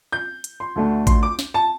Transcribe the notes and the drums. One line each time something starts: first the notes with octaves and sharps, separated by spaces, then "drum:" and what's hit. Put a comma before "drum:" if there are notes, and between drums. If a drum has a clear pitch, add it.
G6
drum: hi-hat
C6
D2 D3 A3 D4
C6, drum: kick A1, hi-hat
D6
drum: snare
A5